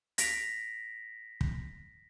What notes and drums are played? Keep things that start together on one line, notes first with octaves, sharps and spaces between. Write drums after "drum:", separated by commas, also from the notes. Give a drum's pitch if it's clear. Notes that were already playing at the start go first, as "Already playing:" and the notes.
A#6 B6 D7 F7, drum: hi-hat
drum: kick